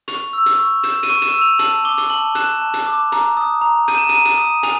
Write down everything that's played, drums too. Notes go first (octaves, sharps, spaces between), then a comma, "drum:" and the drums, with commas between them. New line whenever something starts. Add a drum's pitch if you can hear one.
C#6 F7, drum: hi-hat
E6
drum: hi-hat
C#6
G6 E7, drum: hi-hat
D#7, drum: hi-hat
C#6
E7, drum: hi-hat
E6
F7
A5 F#7, drum: hi-hat
D6 G7
drum: hi-hat
A5 F#7
F#6 E7, drum: hi-hat
A5
drum: hi-hat
D6
A#5, drum: hi-hat
D#6
A#5
G6 D#7, drum: hi-hat
E7
A#5 D#7, drum: hi-hat
drum: hi-hat
D#6
G#5 F7, drum: hi-hat